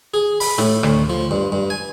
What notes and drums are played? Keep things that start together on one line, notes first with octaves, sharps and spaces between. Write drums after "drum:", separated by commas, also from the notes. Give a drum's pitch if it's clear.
G#4
B5, drum: open hi-hat
A2, drum: snare
D2, drum: rim click
F3
G2
G2
G#5